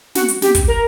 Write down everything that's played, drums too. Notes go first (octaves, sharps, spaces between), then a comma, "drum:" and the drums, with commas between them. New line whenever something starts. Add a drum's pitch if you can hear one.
F#4, drum: snare
drum: hi-hat
G4, drum: snare
drum: kick, hi-hat
A#4